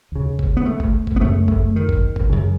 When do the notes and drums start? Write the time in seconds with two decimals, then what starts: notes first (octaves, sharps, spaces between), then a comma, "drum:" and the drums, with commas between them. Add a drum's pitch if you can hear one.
0.12 D#2 C#3
0.39 drum: kick
0.57 B3
0.66 A3
0.80 drum: kick
1.07 drum: kick
1.16 B3
1.20 F#2 C#3 A3
1.48 A3, drum: kick
1.76 D#3
1.89 drum: kick
2.16 drum: kick
2.30 F#2 C#3